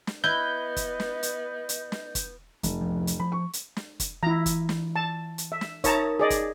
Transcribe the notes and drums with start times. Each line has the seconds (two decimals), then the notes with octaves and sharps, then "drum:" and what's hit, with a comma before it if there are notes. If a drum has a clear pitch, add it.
0.07 drum: snare
0.24 B3 E4 B4 D#5 G6
0.76 drum: kick, hi-hat
1.00 drum: snare
1.23 drum: hi-hat
1.69 drum: hi-hat
1.92 drum: snare
2.15 drum: kick, hi-hat
2.63 F1, drum: kick, hi-hat
2.80 C2 F3 B3
3.07 drum: hi-hat
3.19 F3 B5
3.32 C#6
3.53 drum: hi-hat
3.76 drum: snare
4.00 drum: kick, hi-hat
4.23 E3 E4 A#5
4.46 drum: kick, hi-hat
4.69 drum: snare
4.96 A5
5.38 drum: hi-hat
5.52 E5
5.61 drum: snare
5.84 D#4 A#4 C#5 A5 A#5 D#6, drum: kick, hi-hat
6.19 G#4 D5 D#5
6.30 drum: kick, hi-hat